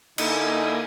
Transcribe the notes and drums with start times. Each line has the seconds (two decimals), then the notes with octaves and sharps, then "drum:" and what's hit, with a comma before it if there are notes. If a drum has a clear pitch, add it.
0.18 D3 A#3 D#4 E4 G#5, drum: cymbal